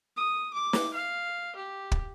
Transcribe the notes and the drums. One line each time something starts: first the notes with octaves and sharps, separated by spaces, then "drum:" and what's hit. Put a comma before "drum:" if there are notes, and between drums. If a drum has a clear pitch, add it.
D#6
D6
drum: snare
F5
G4
drum: kick